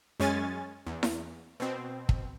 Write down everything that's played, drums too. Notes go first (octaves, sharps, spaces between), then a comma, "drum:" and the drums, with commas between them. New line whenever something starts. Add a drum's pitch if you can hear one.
F#2 G#3 C#4 G#5 A6
E2
drum: snare E4
B2 C4
drum: kick